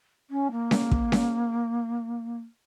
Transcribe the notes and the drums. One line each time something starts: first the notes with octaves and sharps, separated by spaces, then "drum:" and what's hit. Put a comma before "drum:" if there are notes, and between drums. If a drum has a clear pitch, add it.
C#4
A#3
drum: snare C#4
drum: kick
drum: snare C#4